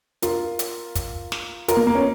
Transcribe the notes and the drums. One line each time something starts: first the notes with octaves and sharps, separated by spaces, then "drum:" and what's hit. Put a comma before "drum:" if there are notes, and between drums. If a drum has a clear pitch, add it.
F4 A#4, drum: hi-hat
drum: hi-hat
drum: kick, hi-hat
drum: snare
F4 A#4, drum: hi-hat
A#3
A#3
C#4